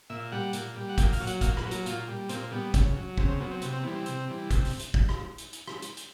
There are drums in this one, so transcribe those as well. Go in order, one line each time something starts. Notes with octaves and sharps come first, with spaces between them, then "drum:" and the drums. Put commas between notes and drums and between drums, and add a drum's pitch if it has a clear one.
A#2 E5
G3 F#5
A#2, drum: hi-hat
G3
F#5
A#2 G5, drum: kick, hi-hat
F5, drum: open hi-hat
F#3
F#5, drum: hi-hat
A#2 F5, drum: kick, hi-hat
B4, drum: rim click
F#3
A#4, drum: hi-hat
A#2 F4, drum: hi-hat
G3
A#2 C4, drum: hi-hat
G3 B3
C#3, drum: kick, hi-hat
F#3
C#3 C4, drum: kick
C4
F#3 B3
C4
C3 B3, drum: hi-hat
C4
E3 G3 B3
C4
C3, drum: hi-hat
E3 G3
C3, drum: kick, hi-hat
drum: open hi-hat
drum: hi-hat
drum: kick
drum: rim click
drum: hi-hat
drum: hi-hat
drum: rim click
drum: hi-hat
drum: hi-hat